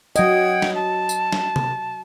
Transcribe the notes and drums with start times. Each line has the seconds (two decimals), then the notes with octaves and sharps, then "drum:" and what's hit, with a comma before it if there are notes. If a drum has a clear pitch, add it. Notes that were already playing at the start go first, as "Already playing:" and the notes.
0.16 F#3 D#5 F#5 G5 G#6, drum: tambourine
0.62 drum: snare
0.75 A5
1.09 drum: tambourine
1.32 drum: snare
1.56 drum: tom C3